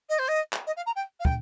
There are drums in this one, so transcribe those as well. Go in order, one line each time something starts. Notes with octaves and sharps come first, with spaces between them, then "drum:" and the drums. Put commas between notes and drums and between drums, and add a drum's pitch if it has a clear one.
D#5
C5
D#5
drum: clap
D#5
F5
A#5
G5
F5
G5, drum: kick